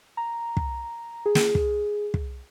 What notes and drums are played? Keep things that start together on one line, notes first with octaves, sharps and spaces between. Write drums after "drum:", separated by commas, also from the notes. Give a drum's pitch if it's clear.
A#5
drum: kick
G#4
drum: snare
drum: kick
drum: kick